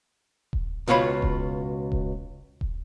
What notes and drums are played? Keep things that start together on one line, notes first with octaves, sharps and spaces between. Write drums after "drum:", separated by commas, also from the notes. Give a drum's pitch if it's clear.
drum: kick D#1
C#2 B2 F4 C#5 B5
drum: kick D#1
drum: kick D#1
drum: kick D#1